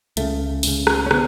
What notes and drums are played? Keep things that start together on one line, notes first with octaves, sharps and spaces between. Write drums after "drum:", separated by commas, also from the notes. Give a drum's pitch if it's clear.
C#2 C#3 A3, drum: hi-hat
C#2 C#3, drum: open hi-hat
drum: rim click
C#4
D3 B3, drum: rim click